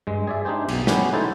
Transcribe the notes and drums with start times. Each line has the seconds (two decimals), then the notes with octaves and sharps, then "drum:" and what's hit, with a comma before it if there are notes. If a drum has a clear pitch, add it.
0.07 G2 G#3
0.27 G#4 D5 E5
0.45 D4 D#4 G4 G#4 C5
0.68 B1 B2, drum: cymbal
0.87 F#3 B3 C#4 G4 G#4 B4, drum: snare
1.13 D#4 E4 A4 C5 A5